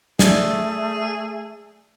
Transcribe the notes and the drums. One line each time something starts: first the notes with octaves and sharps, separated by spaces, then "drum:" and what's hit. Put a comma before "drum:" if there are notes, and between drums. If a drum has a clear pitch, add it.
A3 G#4 D5, drum: snare